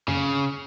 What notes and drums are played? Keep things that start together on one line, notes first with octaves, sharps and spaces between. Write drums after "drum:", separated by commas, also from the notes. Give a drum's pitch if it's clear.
C#3, drum: tom F#2